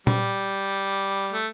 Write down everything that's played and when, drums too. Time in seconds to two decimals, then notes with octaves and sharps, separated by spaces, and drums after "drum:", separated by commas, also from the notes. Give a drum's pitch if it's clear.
0.07 G3, drum: tom A#2
1.33 A3